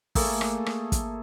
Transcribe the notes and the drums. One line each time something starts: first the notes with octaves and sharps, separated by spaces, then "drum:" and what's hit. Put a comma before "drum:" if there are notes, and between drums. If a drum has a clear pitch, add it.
A3 A#3 G#4 A4, drum: kick, open hi-hat
drum: rim click
drum: rim click
drum: kick, hi-hat